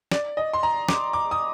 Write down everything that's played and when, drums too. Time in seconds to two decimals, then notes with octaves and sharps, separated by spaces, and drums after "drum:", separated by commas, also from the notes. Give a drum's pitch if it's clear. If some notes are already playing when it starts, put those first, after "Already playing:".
0.12 D5, drum: snare
0.37 D#5
0.53 C6
0.63 A#5
0.89 D6, drum: snare
1.13 D6
1.31 D#6